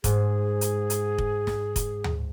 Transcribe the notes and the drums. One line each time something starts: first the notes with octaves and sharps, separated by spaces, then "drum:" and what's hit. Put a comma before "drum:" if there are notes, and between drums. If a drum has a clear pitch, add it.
G#2 G#4, drum: kick F1, hi-hat
drum: hi-hat
drum: hi-hat
drum: kick F1
drum: snare
drum: kick F1, hi-hat
drum: tom D2